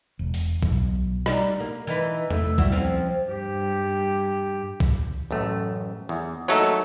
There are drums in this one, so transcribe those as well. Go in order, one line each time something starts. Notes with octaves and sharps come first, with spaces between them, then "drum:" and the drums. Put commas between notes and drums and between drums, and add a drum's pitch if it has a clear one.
E1
drum: open hi-hat
B1, drum: kick
G3 D4 D#4, drum: rim click
A#3
E3 D#4 B4
A3, drum: tom E2
G3 E4 F#4, drum: kick
F3 C4 C#4
G2 G4
drum: kick
A1 F#2 A3
E2
F#3 A3 A#3 D#4 A4 C#5